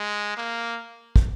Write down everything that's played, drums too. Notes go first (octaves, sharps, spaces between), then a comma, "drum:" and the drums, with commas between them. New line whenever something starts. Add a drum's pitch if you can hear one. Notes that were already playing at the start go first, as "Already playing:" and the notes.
Already playing: G#3
A#3
drum: kick